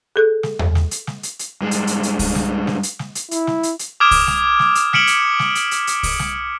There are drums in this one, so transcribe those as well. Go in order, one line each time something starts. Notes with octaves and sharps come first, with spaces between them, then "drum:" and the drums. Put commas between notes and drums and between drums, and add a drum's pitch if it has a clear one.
G#4 A4 F#6
drum: snare
drum: tom E2
drum: snare
drum: hi-hat
drum: snare
drum: hi-hat
drum: hi-hat
G2 G#3
drum: hi-hat
drum: hi-hat
drum: hi-hat
drum: kick C2, open hi-hat
drum: snare
drum: snare
drum: hi-hat
drum: snare
drum: hi-hat
E4, drum: hi-hat
drum: snare
drum: hi-hat
drum: hi-hat
D6 D#6 F6 G#6 D7 E7
drum: kick C2, open hi-hat
drum: snare
drum: snare
drum: hi-hat
F6 B6 C#7 D7 E7 F#7, drum: snare
drum: hi-hat
drum: snare
drum: hi-hat
drum: hi-hat
drum: hi-hat
drum: kick C2, open hi-hat
drum: snare